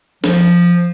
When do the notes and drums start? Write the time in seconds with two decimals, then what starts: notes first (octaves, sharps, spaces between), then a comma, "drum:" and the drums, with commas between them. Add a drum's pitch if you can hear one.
0.24 F3, drum: snare
0.59 drum: tambourine